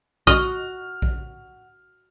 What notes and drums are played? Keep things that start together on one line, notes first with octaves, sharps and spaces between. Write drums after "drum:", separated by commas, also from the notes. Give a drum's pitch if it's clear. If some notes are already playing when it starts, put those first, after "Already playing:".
F#4 D#5 F6, drum: kick A#1
drum: kick A#1